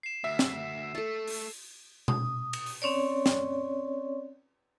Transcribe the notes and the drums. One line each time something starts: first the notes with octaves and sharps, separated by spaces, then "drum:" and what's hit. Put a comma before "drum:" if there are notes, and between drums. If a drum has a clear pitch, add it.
C7 E7
D2 E5
drum: snare
A3 A4 A5
drum: open hi-hat
D#6, drum: tom B2
drum: cymbal
drum: open hi-hat
C4 C#4 C#5 D5
drum: snare